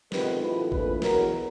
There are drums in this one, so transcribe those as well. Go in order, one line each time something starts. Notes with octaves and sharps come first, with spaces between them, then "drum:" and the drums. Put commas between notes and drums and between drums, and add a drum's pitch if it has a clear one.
F2 C3 D#3 G#3 B3 B4, drum: snare
A1 A2 F3 A3 B4
A#1 A2 E3 B4, drum: kick
E2 B2 F#3 A#4, drum: snare